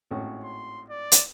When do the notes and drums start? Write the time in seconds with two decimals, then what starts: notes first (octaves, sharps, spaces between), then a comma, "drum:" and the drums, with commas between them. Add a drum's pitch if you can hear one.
0.11 G#1 A2 C#4
0.44 C6
0.89 D5
1.12 drum: hi-hat